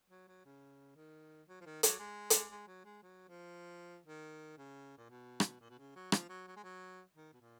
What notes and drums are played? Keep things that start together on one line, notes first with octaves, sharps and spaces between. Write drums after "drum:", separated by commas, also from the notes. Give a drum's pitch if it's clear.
F#3
F#3
C#3
D#3
F#3
F3
D#3
F#3, drum: hi-hat
G#3
drum: hi-hat
G#3
F#3
G#3
F#3
F3
D#3
C#3
A#2
B2
drum: rim click
A#2
B2
C#3
F#3
F3, drum: rim click
F#3
F#3
G#3
F#3
D#3
B2
A#2